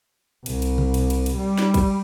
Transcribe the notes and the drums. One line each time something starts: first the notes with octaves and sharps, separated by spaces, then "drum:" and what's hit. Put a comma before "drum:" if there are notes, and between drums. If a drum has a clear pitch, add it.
C2, drum: cymbal
drum: cymbal
drum: tom B2
drum: cymbal
drum: cymbal
drum: cymbal
G3
drum: snare
drum: kick, cymbal